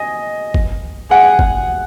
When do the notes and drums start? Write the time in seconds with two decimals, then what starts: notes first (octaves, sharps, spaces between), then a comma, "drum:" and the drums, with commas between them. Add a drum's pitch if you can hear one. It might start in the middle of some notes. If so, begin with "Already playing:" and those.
Already playing: D#5 G#5
0.54 drum: kick
1.11 G#4 F#5
1.39 drum: kick